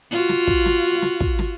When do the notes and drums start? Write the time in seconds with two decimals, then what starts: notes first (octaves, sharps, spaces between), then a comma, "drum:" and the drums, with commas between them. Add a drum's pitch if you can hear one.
0.11 F4 F#4
0.29 drum: snare
0.47 drum: kick
0.66 drum: snare
1.02 drum: snare
1.20 drum: kick
1.39 drum: snare